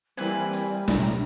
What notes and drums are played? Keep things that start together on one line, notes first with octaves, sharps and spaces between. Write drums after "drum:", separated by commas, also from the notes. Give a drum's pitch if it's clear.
E3 G3 A#3 C4 B4 G#5
drum: hi-hat
B1 A2 D4 A#5, drum: snare